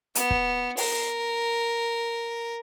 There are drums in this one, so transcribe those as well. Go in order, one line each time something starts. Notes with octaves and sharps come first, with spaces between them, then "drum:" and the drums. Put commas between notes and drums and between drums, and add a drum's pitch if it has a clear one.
B3, drum: hi-hat
drum: kick
A#4, drum: open hi-hat